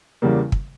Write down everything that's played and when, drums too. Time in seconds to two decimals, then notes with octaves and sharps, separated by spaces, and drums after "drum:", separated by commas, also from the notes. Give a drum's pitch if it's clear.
0.22 E2 C#3 G3 A#3
0.52 drum: kick